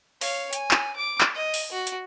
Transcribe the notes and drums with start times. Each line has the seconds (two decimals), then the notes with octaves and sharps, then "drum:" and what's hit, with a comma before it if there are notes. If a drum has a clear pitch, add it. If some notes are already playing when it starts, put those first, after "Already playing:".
0.21 C#5 F5, drum: open hi-hat
0.53 G#5, drum: hi-hat
0.71 drum: clap
0.96 D6
1.21 drum: clap
1.35 D#5
1.54 drum: open hi-hat
1.72 F#4
1.87 drum: hi-hat